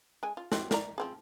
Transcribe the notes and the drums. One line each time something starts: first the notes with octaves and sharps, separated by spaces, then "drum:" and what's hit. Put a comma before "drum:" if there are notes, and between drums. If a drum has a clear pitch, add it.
G#3 G#5
F4
G3 C4 F#4, drum: snare
A#4 D5 A#5, drum: snare
F3 C4 G#4